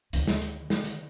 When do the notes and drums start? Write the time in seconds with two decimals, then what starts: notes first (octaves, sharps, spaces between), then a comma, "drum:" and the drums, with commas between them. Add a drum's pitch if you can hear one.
0.13 D2 D#3, drum: hi-hat
0.27 drum: snare
0.42 drum: hi-hat
0.70 drum: snare
0.85 drum: hi-hat